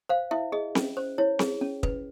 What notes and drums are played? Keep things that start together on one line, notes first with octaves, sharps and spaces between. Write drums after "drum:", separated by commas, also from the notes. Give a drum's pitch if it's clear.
C5 F5
E4 E5
G#4 D#5
C#4, drum: snare C4
C5
E4 C#5
G#4, drum: snare C4
C#4
B4, drum: kick